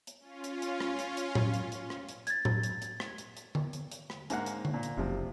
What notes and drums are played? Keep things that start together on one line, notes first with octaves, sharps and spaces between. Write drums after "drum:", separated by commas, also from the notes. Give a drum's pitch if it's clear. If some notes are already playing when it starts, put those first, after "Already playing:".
drum: hi-hat
C#4 F4
drum: hi-hat
drum: hi-hat
drum: rim click
drum: hi-hat
drum: hi-hat
drum: tom A2
drum: hi-hat
drum: hi-hat
drum: rim click
drum: hi-hat
G#6 A6, drum: hi-hat
drum: tom A2
drum: hi-hat
drum: hi-hat
drum: rim click
drum: hi-hat
drum: hi-hat
drum: tom D3
drum: hi-hat
drum: hi-hat
drum: rim click
G#2 A#3 F#5, drum: hi-hat
drum: hi-hat
drum: tom D3
A#2
drum: hi-hat
F#1 C3 F3